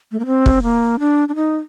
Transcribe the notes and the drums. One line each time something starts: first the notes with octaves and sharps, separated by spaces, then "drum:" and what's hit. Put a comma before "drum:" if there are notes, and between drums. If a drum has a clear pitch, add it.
A3
A#3
C4
drum: kick
A#3
D4
D4
D#4